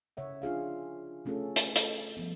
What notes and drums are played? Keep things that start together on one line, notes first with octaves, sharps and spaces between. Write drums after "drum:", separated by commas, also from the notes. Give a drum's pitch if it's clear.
C#3 C#5 E5 F#5
D4 F4 G#4 F5
C#3 A3 C#4 F4 G#4 A4
drum: hi-hat
A4, drum: hi-hat
F3 G3 B3